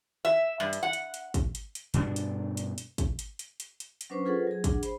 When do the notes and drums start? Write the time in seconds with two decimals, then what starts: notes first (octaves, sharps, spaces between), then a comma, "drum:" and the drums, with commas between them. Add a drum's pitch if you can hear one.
0.25 E5
0.60 G2
0.73 drum: hi-hat
0.83 F#5
0.93 drum: hi-hat
1.14 drum: hi-hat
1.34 drum: kick, hi-hat
1.55 drum: hi-hat
1.75 drum: hi-hat
1.94 G2 B2 B3 D4, drum: hi-hat
2.16 drum: hi-hat
2.57 drum: hi-hat
2.78 drum: hi-hat
2.98 drum: kick, hi-hat
3.19 drum: hi-hat
3.39 drum: hi-hat
3.60 drum: hi-hat
3.80 drum: hi-hat
4.01 drum: hi-hat
4.10 F#3 C#4 D4 B4 C5 C#6
4.25 F4 G#4 A4 B4 C5 F#5
4.47 F#3 G#4
4.64 D4 G#4 F#5, drum: kick, hi-hat
4.83 C5 B5, drum: hi-hat